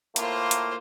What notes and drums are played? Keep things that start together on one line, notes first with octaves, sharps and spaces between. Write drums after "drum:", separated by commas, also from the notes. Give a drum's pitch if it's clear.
A2 A#3 F4 C5, drum: hi-hat
drum: hi-hat